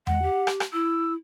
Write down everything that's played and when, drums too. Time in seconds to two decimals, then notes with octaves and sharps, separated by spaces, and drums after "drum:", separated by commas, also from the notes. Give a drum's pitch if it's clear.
0.07 G#3 F#5, drum: tom E2
0.22 G4
0.47 drum: rim click
0.60 drum: rim click
0.73 E4 E6